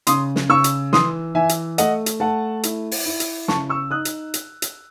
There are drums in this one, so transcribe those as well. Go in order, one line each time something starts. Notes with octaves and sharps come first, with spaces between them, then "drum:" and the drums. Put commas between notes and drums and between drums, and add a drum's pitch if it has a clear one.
C#3 C6 D#6, drum: hi-hat
drum: snare
C#3 C#6 E6
drum: hi-hat
E3 C6 D#6, drum: snare
E3 E5 G#5
drum: hi-hat
A3 D#5 F#5, drum: hi-hat
drum: hi-hat
A3 F#5 A5
E4, drum: hi-hat
drum: open hi-hat
E4
drum: hi-hat
C#3 A5 C#6, drum: snare
C#6 E6
D#4 D#6 F#6
drum: hi-hat
drum: hi-hat
drum: hi-hat